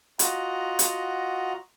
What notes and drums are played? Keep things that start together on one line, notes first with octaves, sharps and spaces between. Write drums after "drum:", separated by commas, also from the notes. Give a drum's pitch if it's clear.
F4 F#4 D#5 F#5 A#5, drum: hi-hat
drum: hi-hat